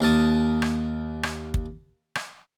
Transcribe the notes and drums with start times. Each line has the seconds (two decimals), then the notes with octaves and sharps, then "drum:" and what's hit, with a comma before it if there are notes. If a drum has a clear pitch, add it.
0.01 D#2 A#4 A5 D#6
0.62 drum: rim click
1.23 drum: rim click
1.54 drum: kick
2.15 drum: rim click